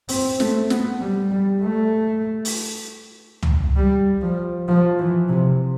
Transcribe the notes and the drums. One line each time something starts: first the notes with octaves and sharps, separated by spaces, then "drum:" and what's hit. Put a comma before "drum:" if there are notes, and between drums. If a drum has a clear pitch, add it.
C4, drum: open hi-hat
A3, drum: snare
B3, drum: snare
G3
G3
A3
drum: open hi-hat
drum: tom C#2
G3
F3
F3
E3
C3